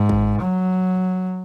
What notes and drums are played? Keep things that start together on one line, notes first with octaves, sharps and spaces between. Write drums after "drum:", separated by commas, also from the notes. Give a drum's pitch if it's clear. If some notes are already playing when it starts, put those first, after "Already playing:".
Already playing: G#2
drum: kick G1
F#3